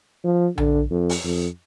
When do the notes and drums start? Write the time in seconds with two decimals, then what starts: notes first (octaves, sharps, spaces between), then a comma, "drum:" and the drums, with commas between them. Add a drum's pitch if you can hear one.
0.24 F3
0.58 D3, drum: tom A#1
0.91 F2
1.09 drum: open hi-hat
1.25 F2